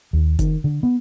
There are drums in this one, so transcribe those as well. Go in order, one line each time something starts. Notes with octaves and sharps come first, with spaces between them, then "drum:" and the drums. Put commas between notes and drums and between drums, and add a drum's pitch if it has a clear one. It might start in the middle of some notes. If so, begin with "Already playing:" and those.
D#2
D#3, drum: kick F1, hi-hat
D3
B3